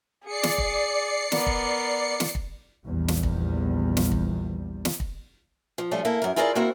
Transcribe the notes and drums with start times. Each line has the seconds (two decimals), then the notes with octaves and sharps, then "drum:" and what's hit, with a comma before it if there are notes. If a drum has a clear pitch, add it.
0.25 G#4 D5 C7 C#7
0.43 drum: snare
0.58 drum: kick
1.32 B3 A#4, drum: snare
1.47 drum: kick
2.20 drum: snare
2.35 drum: kick
2.85 A#1 E2 G3
3.08 drum: snare
3.23 drum: kick
3.97 drum: snare
4.12 drum: kick
4.85 drum: snare
5.00 drum: kick
5.78 F3
5.91 F3 G3 A3 C#4 F4
6.05 A#3 E4 A4
6.22 F#2 A#4
6.36 E4 F4 G#4 A#4 C5 D5
6.55 A#3 C4 E4 F#4 A#4 C5